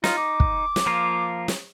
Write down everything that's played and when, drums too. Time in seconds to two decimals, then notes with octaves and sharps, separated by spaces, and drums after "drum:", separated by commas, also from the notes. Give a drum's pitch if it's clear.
0.04 D#4 F4, drum: snare
0.17 D6
0.40 drum: kick
0.76 drum: snare
0.86 F3 A#3 F4
1.48 drum: snare